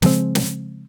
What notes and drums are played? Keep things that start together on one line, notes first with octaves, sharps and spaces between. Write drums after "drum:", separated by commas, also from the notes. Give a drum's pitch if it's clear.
C#3 F3 G#3 C4, drum: snare
drum: snare